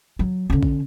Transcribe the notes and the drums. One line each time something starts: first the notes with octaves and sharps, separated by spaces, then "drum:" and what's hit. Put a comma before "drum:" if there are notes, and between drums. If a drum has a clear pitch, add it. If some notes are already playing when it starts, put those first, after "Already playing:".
F#3
D3 C#4
drum: kick